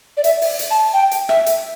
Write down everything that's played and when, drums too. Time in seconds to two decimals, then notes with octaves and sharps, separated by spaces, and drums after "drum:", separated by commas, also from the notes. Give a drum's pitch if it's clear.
0.17 D5
0.24 E5, drum: hi-hat
0.42 drum: open hi-hat
0.59 drum: hi-hat
0.71 A5
0.94 G5
1.11 drum: hi-hat
1.29 E5, drum: rim click
1.46 drum: hi-hat